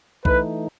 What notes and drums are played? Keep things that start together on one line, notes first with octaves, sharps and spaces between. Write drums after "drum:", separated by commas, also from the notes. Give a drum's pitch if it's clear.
E3 A3 D#4 B4, drum: kick B1